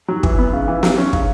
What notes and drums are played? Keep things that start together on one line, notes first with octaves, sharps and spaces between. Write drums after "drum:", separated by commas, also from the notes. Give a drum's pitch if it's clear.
F#3
E3, drum: kick
B3
C#3
E3
F#3, drum: snare
C#4
C#3, drum: kick